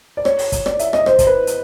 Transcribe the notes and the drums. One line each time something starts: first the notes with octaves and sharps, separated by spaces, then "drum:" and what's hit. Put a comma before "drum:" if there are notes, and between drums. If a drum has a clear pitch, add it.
D5
C#5, drum: rim click
drum: open hi-hat
drum: kick, hi-hat
D5, drum: rim click
E5, drum: hi-hat
D#5, drum: rim click
C5, drum: rim click
C5, drum: kick, hi-hat
B4
drum: hi-hat